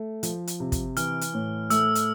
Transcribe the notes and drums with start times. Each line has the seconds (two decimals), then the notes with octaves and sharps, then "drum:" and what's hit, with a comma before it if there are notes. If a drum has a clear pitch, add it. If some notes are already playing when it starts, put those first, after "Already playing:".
Already playing: A3
0.23 F3, drum: hi-hat
0.47 drum: hi-hat
0.60 C3
0.72 drum: kick, hi-hat
0.96 E3 F6, drum: hi-hat
1.21 drum: hi-hat
1.34 A2
1.70 A3 E6, drum: hi-hat
1.95 drum: hi-hat